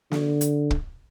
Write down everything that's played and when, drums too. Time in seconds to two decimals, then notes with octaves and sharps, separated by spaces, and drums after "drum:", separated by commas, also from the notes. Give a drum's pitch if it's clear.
0.11 D3, drum: snare
0.41 drum: hi-hat
0.71 drum: kick